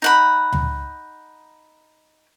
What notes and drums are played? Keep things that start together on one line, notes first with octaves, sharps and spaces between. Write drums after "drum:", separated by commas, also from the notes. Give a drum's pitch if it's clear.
D#4 F#5 B5
drum: tom D2